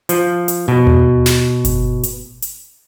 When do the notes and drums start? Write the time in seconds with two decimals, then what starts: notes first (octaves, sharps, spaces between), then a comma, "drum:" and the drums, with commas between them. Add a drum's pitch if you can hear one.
0.09 F3, drum: hi-hat
0.48 drum: hi-hat
0.68 B2
0.87 drum: tom D#2
1.26 drum: snare
1.65 drum: kick G1, hi-hat
2.03 drum: hi-hat
2.42 drum: hi-hat